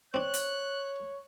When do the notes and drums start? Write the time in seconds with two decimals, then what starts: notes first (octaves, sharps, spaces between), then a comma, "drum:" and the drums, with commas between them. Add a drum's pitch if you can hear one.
0.14 C4 D4 C#5 F#6
0.34 drum: hi-hat